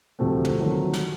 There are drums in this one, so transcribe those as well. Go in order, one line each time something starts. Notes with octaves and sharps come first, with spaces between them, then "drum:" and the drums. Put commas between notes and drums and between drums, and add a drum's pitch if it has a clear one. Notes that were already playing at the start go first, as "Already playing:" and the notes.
D2 C3 F3 A3 C4
drum: tom
D#3 F#3 A3
drum: snare